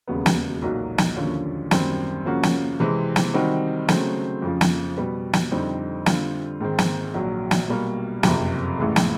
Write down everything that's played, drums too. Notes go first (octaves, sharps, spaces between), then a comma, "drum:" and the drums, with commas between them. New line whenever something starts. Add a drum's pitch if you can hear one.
E1 D#2 C#3 F#3 B3
drum: snare
B1 A#2 F#3 A#3 D#4
drum: snare
D#2 D3 F3 A#3 C#4
F#2 D#3 G3 C4, drum: snare
C#3 F3 A#3 C#4 F#4
drum: snare
C3 E3 G#3 C4
drum: snare
D#3 G3 C4 D#4 F#4
C#3 F#3 A3 C4, drum: snare
F2 C#3 F3
drum: snare
B2 G3 B3
drum: snare
F2 D3 G3 C4 D#4
D3 G3 C4 F4, drum: snare
G#2 D#3 G#3 C4
drum: snare
A#1 A#2 F#3
drum: snare
B2 G3 A#3
F#1 F2 C3, drum: snare
A1 A2 E3 G#3
drum: snare